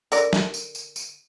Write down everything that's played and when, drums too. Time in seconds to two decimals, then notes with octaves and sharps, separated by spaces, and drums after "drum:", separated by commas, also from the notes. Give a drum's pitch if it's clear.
0.12 D3 A#4 D5, drum: tambourine
0.33 drum: snare
0.54 drum: tambourine
0.75 drum: tambourine
0.96 drum: tambourine